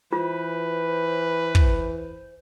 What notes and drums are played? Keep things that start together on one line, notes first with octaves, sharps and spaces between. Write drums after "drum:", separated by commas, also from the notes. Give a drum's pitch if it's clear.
E3 F4 B4 C5
drum: kick